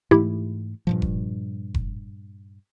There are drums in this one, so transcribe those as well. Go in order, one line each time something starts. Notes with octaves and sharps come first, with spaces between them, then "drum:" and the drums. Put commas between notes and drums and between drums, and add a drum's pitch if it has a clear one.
G#2 E3 A3 E4 G4
G2 A#2 F3
drum: kick F1
drum: kick F1